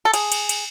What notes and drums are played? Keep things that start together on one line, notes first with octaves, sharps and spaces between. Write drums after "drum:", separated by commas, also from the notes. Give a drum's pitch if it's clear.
A4
G#4, drum: cymbal
drum: cymbal
drum: cymbal